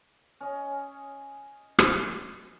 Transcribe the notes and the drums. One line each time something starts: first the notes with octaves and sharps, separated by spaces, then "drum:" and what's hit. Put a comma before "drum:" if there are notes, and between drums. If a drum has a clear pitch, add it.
C#4 D#5
drum: rim click